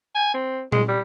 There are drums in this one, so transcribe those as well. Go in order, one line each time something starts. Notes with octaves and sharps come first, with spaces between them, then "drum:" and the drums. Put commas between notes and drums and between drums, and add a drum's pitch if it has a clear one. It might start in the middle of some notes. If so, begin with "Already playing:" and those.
G#5
C4
G#3, drum: tom A#2
G3